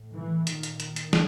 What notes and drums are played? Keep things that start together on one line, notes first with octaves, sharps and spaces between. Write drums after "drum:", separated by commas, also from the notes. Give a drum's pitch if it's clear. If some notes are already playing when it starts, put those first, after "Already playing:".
Already playing: A2
E3
A#2 D#3, drum: hi-hat
drum: hi-hat
D#3, drum: hi-hat
drum: hi-hat
drum: snare